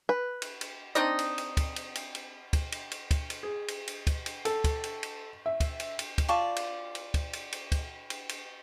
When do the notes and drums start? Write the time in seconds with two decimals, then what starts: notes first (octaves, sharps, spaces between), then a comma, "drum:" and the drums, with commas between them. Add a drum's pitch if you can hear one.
0.09 B4
0.42 drum: cymbal
0.61 drum: cymbal
0.95 C4 D4 D#4 D#5
1.19 drum: cymbal
1.38 drum: cymbal
1.57 drum: kick, cymbal
1.76 drum: cymbal
1.95 drum: cymbal
2.15 drum: cymbal
2.53 drum: kick, cymbal
2.72 drum: cymbal
2.91 drum: cymbal
3.11 drum: kick, cymbal
3.30 drum: cymbal
3.43 G#4
3.68 drum: cymbal
3.88 drum: cymbal
4.07 drum: kick, cymbal
4.26 drum: cymbal
4.45 A4, drum: cymbal
4.64 drum: kick, cymbal
4.84 drum: cymbal
5.03 drum: cymbal
5.46 E5
5.60 drum: kick, cymbal
5.80 drum: cymbal
5.99 drum: cymbal
6.18 drum: kick, cymbal
6.28 F4 D5 A5 C#6
6.56 drum: cymbal
6.95 drum: cymbal
7.14 drum: kick, cymbal
7.33 drum: cymbal
7.52 drum: cymbal
7.72 drum: kick, cymbal
8.10 drum: cymbal
8.29 drum: cymbal